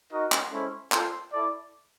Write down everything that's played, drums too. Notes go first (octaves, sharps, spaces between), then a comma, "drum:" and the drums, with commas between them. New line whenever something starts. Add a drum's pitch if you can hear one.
D#4 F#4 A#4 D#5
drum: clap
G#3 C#4 E4 A4 C5
F4 A4 C5, drum: clap
E4 A4 D5